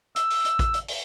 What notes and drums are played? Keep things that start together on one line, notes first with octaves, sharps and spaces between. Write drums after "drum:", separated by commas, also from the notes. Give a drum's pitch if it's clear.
E6, drum: hi-hat
drum: open hi-hat
drum: hi-hat
drum: kick A1, hi-hat
drum: hi-hat
drum: open hi-hat